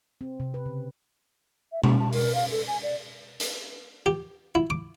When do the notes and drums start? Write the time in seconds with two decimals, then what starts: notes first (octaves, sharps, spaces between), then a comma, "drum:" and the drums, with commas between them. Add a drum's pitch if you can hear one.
0.21 C4
0.40 C3
0.54 B4
0.66 C#3
1.72 E5
1.84 A#3, drum: tom B2
2.00 A5
2.13 A#4, drum: open hi-hat
2.35 F5
2.51 A4
2.68 G#5
2.83 D5
3.40 drum: hi-hat
4.06 G4
4.55 E4
4.70 D6